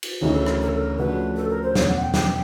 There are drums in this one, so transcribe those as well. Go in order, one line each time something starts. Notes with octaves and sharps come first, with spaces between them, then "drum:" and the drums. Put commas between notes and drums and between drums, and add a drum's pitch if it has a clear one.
drum: cymbal
D2 C#3 E3 D#4
A4
A#4, drum: rim click
A#4
A4
A#4
C#3 F3 A3 D4 F#4 B4
A4
A#4
C5
E1 E2 C#3 C#5, drum: snare
F#5
G5
G5, drum: snare